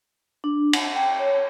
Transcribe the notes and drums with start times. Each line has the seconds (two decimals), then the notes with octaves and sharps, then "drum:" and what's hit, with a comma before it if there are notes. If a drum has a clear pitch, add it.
0.44 D4
0.73 F#5, drum: cymbal
0.95 G5
1.19 C#5